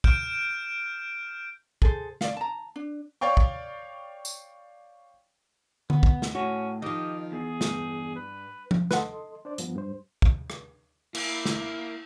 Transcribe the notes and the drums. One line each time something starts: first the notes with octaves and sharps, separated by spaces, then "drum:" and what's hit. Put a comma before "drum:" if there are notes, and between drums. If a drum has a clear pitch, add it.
F6 G6 D7 E7, drum: kick
G#4 A4 C5, drum: kick
D5 F5, drum: snare
A5 A#5
D4
C#5 D5 F5 G5 C#6
drum: kick
drum: tambourine
B3, drum: tom D3
drum: kick
drum: snare
A2 C#4 F#4
D#3 F3 G4 D#5
E2 G#4
G2, drum: snare
B4
drum: tom
A4 B4 D#5 F#5 C6, drum: snare
D4 C5 D5
G2 F3 B3, drum: hi-hat
G2 C5
drum: kick
drum: rim click
A#3 E4, drum: cymbal
drum: snare